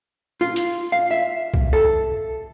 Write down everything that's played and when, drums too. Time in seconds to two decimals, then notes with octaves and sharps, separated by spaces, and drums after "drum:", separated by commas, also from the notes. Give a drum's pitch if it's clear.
0.41 F4
0.56 drum: hi-hat
0.92 F5
1.11 E5
1.54 drum: kick
1.73 A4